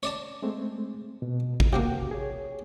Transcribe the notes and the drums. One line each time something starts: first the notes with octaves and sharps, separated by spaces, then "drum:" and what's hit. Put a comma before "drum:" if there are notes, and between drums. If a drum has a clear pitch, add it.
C#5 D5 A5, drum: tambourine
G#3 A3 C4
B2
drum: kick G#1
C3 F3 A#3 F#4 G5
G#4 C#5